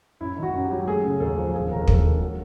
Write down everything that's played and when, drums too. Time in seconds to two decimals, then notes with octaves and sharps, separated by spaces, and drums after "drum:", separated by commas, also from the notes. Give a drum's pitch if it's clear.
0.20 F#2 E4
0.36 D#3
0.43 F#4
0.54 F#2
0.64 G4
0.71 F#3
0.87 A3 G#4
1.04 C#3
1.20 D#2 A4
1.37 F3
1.54 E1 G#4
1.71 D#2 A#4
1.76 A4
1.87 E1 A4, drum: kick
1.99 D#3 A#4
2.21 F#3